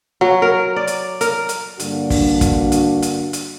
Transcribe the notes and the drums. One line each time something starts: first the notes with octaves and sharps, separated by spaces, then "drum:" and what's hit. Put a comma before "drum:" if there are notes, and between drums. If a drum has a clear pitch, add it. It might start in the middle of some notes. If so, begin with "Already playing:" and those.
F#3
A#4
D5
drum: hi-hat
A#4, drum: hi-hat
drum: hi-hat
G2 D3 A#3 D4 F#4, drum: hi-hat
drum: kick, open hi-hat
drum: kick, hi-hat
drum: hi-hat
drum: hi-hat
drum: hi-hat